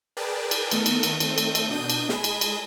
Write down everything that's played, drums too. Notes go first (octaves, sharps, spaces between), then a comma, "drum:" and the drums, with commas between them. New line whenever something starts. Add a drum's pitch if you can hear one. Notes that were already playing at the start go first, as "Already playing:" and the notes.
G#4 A#4 B4 D5 G5 A5
drum: cymbal
D#3 A3 B3 A4 A#4, drum: cymbal
drum: cymbal
drum: cymbal
D#3 A3 C4 A4, drum: cymbal
drum: cymbal
drum: cymbal
B2 D4 D#6 G6 D#7
drum: cymbal
G#3 G#4 B5 E7, drum: snare
drum: cymbal
drum: cymbal